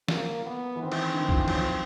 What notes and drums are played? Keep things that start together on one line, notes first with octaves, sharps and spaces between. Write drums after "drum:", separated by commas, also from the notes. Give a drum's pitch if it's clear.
A#3, drum: snare
B3
E3
D#3 C4
E3, drum: cymbal
D3
D#3
F3, drum: kick
E3
F#3, drum: cymbal
F3